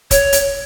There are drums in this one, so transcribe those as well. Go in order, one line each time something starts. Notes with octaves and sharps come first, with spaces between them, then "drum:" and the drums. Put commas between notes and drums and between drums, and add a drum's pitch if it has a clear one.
C#5, drum: kick, hi-hat
drum: hi-hat